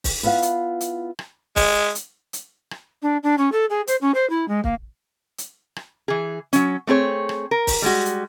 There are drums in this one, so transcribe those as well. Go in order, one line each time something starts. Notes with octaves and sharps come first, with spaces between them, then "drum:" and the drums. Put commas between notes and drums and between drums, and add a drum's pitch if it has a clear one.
drum: kick, open hi-hat
B3 E4 F4 F5 F#5
drum: hi-hat
drum: hi-hat
drum: rim click
G#3, drum: kick, open hi-hat
drum: hi-hat
drum: hi-hat
drum: rim click
D4
D4
C#4
A4
G#4
C5, drum: hi-hat
C#4
C5
E4
G#3
A#3, drum: kick
drum: hi-hat
drum: rim click
E3 G#4
F#3 C#4, drum: hi-hat
A3 C4 G#4 C#5
drum: rim click
A#4
drum: kick, open hi-hat
G3 G#3 F#4
drum: hi-hat